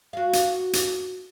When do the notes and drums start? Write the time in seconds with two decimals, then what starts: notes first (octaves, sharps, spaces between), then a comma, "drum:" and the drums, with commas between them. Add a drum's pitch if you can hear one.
0.13 F#4 F5
0.33 drum: hi-hat
0.73 drum: hi-hat